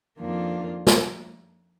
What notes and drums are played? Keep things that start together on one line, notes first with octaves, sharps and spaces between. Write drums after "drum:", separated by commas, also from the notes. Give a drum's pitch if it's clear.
F2 D#3 A#3 D4 F4
drum: snare